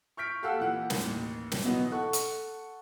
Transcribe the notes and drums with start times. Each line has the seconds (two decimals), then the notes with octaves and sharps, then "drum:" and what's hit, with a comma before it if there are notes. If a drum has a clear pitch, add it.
0.17 C#6 F6 G6 B6 D7
0.43 G4 A4 F5 F#5 E6
0.58 A#2 E3 F#5
0.90 A1 D#2, drum: snare
1.52 drum: snare
1.63 B2 E3 F#3 B3 D#4
1.91 A4 F#5 C#6
2.13 drum: hi-hat